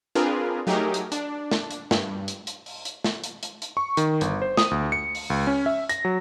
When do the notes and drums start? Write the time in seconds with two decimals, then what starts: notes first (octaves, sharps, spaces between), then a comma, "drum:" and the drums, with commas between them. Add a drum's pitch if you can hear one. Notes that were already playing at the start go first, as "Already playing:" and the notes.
0.15 C4 D4 F4 G#4 A#4 B4
0.67 F#3 A3 D#4 G4 G#4 A#4
0.94 drum: hi-hat
1.12 D4, drum: hi-hat
1.51 drum: snare
1.71 drum: hi-hat
1.91 G2, drum: snare
2.28 drum: hi-hat
2.47 drum: hi-hat
2.66 drum: open hi-hat
2.85 drum: hi-hat
3.04 drum: snare
3.24 drum: hi-hat
3.43 drum: hi-hat
3.62 drum: hi-hat
3.77 C#6
3.97 D#3, drum: hi-hat
4.21 G1, drum: hi-hat
4.42 C5
4.57 D#6, drum: snare
4.71 D2
4.92 C#7
5.15 drum: open hi-hat
5.30 C#2
5.47 C#4
5.66 E5
5.89 A#6, drum: hi-hat
6.05 F#3